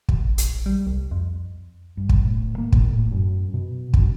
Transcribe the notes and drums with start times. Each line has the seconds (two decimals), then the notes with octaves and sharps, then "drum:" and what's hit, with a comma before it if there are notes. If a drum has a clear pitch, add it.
0.09 A1, drum: kick
0.38 A#1, drum: hi-hat
0.66 G3
0.87 C2
1.11 F2
1.97 G2
2.09 drum: kick
2.25 A2
2.58 A#3
2.72 A2, drum: kick
2.92 A2
3.11 F#2
3.54 B2
3.94 F#2, drum: kick